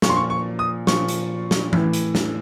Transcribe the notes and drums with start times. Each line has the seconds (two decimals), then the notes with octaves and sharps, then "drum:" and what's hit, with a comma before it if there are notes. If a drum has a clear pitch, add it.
0.02 A#2 F3 C#6, drum: snare
0.10 C6
0.16 C#6
0.30 C#6
0.59 D#6
0.87 A#2 F3 C#6, drum: snare
1.08 drum: hi-hat
1.51 drum: snare
1.73 A2 E3, drum: tom E3
1.93 drum: hi-hat
2.15 drum: snare